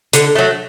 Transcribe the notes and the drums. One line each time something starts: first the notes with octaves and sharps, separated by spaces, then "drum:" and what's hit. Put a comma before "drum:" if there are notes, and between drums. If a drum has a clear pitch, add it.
D3, drum: hi-hat
F#3 A3